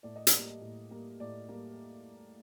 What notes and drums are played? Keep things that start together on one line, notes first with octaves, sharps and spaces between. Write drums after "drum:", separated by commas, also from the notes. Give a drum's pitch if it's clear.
A2 D5
D#5
D5, drum: hi-hat
G3 A#3
A2
G3 A#3
A2 D5
G3 A#3